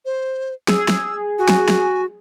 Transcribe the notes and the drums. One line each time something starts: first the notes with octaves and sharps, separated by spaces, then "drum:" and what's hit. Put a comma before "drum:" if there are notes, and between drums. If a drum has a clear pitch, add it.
C5
G#4 E6, drum: snare
drum: snare
F#4 G#5
drum: snare
drum: snare